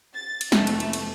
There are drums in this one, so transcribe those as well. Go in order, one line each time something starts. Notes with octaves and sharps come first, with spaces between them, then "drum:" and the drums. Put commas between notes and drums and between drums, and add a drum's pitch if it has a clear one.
A6
drum: cymbal
F2 C3 E3 A3, drum: snare
drum: cymbal
drum: cymbal
drum: cymbal